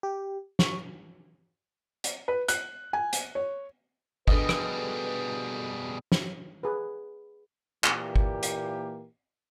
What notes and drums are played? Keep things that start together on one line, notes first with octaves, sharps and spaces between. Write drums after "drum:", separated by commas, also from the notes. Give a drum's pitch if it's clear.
G4
C#6, drum: snare
drum: hi-hat
B4
F#6, drum: hi-hat
G#5
drum: hi-hat
C#5
B2 D3 G3 G#4 B4 D#5, drum: kick G1
drum: rim click
drum: snare
G#4 B4
A#2 E3 A#3 G4, drum: clap
drum: kick G1
drum: hi-hat